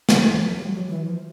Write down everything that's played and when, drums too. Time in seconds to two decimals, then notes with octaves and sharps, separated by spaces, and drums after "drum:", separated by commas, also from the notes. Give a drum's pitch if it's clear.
0.09 F#3, drum: snare
0.24 E3
0.41 F#3
0.57 G3
0.73 F#3
0.89 E3
1.05 F3